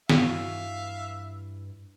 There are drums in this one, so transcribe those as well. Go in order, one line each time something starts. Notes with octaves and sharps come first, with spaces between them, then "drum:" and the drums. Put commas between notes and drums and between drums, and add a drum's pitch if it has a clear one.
G2 E3 F4 F#4 E5 F5, drum: snare